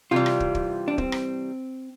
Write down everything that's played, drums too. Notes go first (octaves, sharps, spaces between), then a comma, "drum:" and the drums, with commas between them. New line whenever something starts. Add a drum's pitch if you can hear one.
C3 E3 G3 F4
drum: rim click
drum: kick
drum: kick
D4
C4, drum: kick
drum: rim click